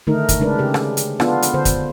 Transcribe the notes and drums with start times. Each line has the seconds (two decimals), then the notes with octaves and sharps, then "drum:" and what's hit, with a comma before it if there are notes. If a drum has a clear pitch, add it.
0.07 D3 D#3 A3 D#4 A#4
0.29 drum: kick, hi-hat
0.40 C#3 G#3 D4 A#4 B4
0.59 C#3 G4 A4
0.74 drum: rim click
0.97 drum: hi-hat
1.20 B3 D4 F4 A4, drum: rim click
1.42 drum: hi-hat
1.54 D3 A4 C5
1.65 drum: kick, hi-hat